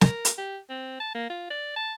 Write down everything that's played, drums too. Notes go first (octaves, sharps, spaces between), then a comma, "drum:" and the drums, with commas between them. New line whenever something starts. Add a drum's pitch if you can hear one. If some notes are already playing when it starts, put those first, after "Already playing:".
A#4, drum: snare
drum: hi-hat
G4
C4
A5
A#3
F4
D5
A5